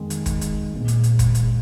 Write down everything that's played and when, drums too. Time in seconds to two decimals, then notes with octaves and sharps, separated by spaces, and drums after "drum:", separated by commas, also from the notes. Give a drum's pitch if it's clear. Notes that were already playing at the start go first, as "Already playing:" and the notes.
Already playing: F2 D#3 G#3 D#4
0.10 drum: hi-hat
0.26 drum: kick, hi-hat
0.41 drum: hi-hat
0.73 A#1 A#2 G#3
0.88 drum: hi-hat
1.04 drum: hi-hat
1.19 drum: kick, hi-hat
1.35 drum: hi-hat